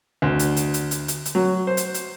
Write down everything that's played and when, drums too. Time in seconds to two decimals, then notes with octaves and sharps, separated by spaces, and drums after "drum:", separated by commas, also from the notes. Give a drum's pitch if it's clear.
0.22 D2
0.39 drum: hi-hat
0.57 drum: hi-hat
0.74 drum: hi-hat
0.91 drum: hi-hat
1.08 drum: hi-hat
1.25 drum: hi-hat
1.35 F#3
1.67 C5
1.77 drum: hi-hat
1.94 drum: hi-hat